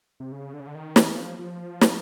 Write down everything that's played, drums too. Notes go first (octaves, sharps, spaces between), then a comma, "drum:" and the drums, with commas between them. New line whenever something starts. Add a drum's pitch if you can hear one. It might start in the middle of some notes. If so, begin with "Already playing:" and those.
C3
C#3
D3
C#3
D3
D#3
E3, drum: snare
F3
F3
drum: snare